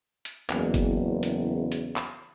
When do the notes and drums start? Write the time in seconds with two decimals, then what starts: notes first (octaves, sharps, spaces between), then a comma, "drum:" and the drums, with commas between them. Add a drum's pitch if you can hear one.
0.25 drum: hi-hat
0.50 F#1 E2, drum: clap
0.74 drum: kick G1, hi-hat
1.23 drum: hi-hat
1.72 drum: hi-hat
1.96 drum: clap